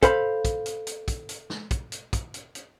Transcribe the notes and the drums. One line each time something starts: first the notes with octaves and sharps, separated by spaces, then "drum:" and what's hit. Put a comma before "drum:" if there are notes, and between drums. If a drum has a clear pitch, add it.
A4 C5 F5 B5, drum: kick, hi-hat
drum: kick, hi-hat
drum: hi-hat
drum: hi-hat
drum: kick, hi-hat
drum: hi-hat
drum: snare
drum: kick, hi-hat
drum: hi-hat
drum: kick, hi-hat
drum: hi-hat
drum: hi-hat